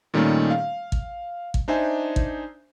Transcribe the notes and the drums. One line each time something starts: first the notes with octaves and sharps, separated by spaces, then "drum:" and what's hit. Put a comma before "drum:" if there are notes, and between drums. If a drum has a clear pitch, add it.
A#2 D#3 G3 A3 C#4 D#4
F5
drum: kick
drum: kick
D4 D#4 C5 E5 G#5
drum: kick